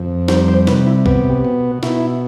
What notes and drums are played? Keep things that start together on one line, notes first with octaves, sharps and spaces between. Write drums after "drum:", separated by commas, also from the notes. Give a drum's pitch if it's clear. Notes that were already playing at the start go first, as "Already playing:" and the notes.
Already playing: F2
G3 C5, drum: snare
C5
C3 B4, drum: snare
E4
B3 G4, drum: kick B1
B2
B2 E4, drum: snare